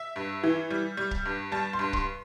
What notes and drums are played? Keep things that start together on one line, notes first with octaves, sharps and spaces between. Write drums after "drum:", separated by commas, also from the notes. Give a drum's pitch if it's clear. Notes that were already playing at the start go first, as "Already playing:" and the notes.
Already playing: E5
G2
E3
G3
G3
drum: kick
G2
G3 A5
C6
G2
C6, drum: kick